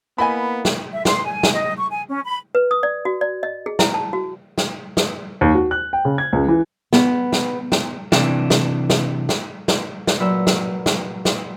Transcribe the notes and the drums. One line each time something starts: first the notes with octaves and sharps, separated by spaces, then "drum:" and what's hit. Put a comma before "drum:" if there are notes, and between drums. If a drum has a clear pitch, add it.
A#3 B3 E4 D#5 G#5 B5
drum: snare
E5
C6, drum: snare
G#5
drum: snare
D#5
C#6
G#5
C#4
B5
B4
D#6
D5
F#4
D5
D#5
G#4
E4, drum: snare
A5
F#4
drum: snare
drum: snare
D#2
F#4
F#6
G5
C#3
G#6
C#2
E3
B3, drum: snare
drum: snare
drum: snare
C3 E3 D4, drum: snare
drum: snare
drum: snare
drum: snare
drum: snare
drum: snare
A#2 F#3 B4 D5 E5 E6
drum: snare
drum: snare
drum: snare